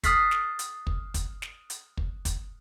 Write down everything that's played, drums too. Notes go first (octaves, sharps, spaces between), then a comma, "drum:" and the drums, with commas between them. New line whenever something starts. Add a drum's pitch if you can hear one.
D#6 F6 F#6 A6 B6 C7, drum: kick, hi-hat
drum: snare
drum: hi-hat
drum: kick
drum: kick, hi-hat
drum: snare
drum: hi-hat
drum: kick
drum: kick, hi-hat